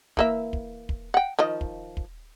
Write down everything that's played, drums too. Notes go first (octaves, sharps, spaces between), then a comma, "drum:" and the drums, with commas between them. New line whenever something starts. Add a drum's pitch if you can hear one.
E3 A#3 E5, drum: kick
drum: kick
drum: kick
F#5 G5
D#3 F3 D#5
drum: kick
drum: kick